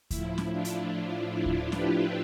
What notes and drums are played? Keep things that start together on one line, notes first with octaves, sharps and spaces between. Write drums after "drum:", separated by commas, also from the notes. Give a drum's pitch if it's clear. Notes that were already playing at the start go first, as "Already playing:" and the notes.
A2 F3 E4, drum: kick D2, hi-hat
drum: snare
D4 F4
drum: hi-hat
drum: kick D2
G4 B4, drum: snare